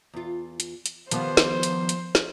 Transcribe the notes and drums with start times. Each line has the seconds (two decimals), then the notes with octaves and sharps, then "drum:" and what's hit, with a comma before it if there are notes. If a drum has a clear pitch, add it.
0.13 E2 F4
0.60 drum: hi-hat
0.86 drum: hi-hat
1.11 D#3 F3 G3 B3 C5, drum: hi-hat
1.37 drum: snare
1.63 drum: hi-hat
1.89 drum: hi-hat
2.15 drum: snare